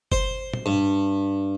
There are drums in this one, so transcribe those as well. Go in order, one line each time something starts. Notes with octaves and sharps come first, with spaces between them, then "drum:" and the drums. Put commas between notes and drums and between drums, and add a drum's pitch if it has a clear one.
C5, drum: kick F#1
drum: tom
G2